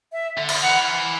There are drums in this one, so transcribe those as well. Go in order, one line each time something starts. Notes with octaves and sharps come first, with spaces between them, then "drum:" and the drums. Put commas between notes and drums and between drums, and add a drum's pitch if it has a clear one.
E5
D3
drum: cymbal
E3 F#5